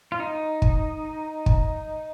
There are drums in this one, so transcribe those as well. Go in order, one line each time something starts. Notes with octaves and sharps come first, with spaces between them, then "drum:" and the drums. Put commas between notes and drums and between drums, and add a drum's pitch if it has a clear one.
F4
D#4
drum: kick
drum: kick